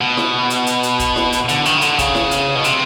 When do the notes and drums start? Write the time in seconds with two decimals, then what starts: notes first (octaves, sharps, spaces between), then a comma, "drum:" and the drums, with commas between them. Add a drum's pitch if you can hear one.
0.01 B2
0.17 drum: snare E4
0.50 drum: hi-hat
0.67 drum: hi-hat
0.83 drum: hi-hat
0.99 drum: kick, hi-hat
1.16 drum: snare E4
1.32 drum: hi-hat
1.49 D3, drum: hi-hat
1.65 D#3, drum: hi-hat
1.78 C#3
1.81 D3, drum: hi-hat
1.99 C#3, drum: kick, hi-hat
2.15 drum: snare E4
2.31 drum: hi-hat
2.55 B2
2.64 C3, drum: hi-hat